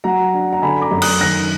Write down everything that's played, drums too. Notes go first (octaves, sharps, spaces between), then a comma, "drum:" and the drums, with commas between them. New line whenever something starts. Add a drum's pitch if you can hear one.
F#3 F#5 A#5
D4
A#5
D3 G#5 B5
A#5 D6
F#2
D#6 F#6, drum: cymbal
D#3 F#6 A#6